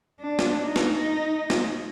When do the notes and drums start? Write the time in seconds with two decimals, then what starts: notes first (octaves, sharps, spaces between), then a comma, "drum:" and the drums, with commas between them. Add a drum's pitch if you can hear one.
0.20 D4
0.39 drum: snare
0.65 D#4
0.76 drum: snare
1.50 drum: snare